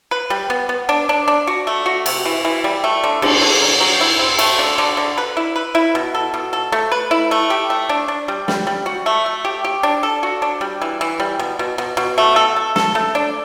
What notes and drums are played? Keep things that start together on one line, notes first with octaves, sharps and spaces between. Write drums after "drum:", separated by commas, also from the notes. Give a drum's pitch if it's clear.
B4
G3
B3
B3
D4
D4
D4
F#4
A3
F#4
C3, drum: cymbal
E3
E3
G3
A3
D3
D3, drum: cymbal
D3
F#3
F#3
E4
C4
A3, drum: cymbal
D3
D3
D3
B4
E4
B4
E4
B2
A4
B2
A4
A3
B4
E4
A3
G4
A3
D4
D4
G3
G3, drum: snare
G3
F#4
A3
A3
G4
G4
D4
A4
F#4
D4
G3
E3
E3
G3
B2
B2
B2
B2
A3
A4
A4
A4, drum: snare
A3
D4